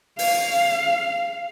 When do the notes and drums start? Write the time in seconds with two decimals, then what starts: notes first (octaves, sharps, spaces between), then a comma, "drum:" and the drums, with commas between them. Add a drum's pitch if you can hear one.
0.19 F5, drum: open hi-hat